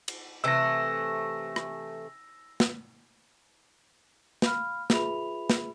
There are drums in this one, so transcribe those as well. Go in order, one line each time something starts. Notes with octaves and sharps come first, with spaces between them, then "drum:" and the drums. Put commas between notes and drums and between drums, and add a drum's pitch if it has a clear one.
drum: cymbal
C3 E3 A3 E6 A#6
drum: rim click
drum: snare
F5 B5 F6, drum: snare
F4 G#4 B4 E5 B5 F7, drum: snare
drum: snare